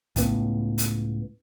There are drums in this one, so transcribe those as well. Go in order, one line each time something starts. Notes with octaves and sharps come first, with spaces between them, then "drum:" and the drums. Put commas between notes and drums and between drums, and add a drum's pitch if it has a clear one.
C#2 A2 B3, drum: kick, hi-hat
drum: hi-hat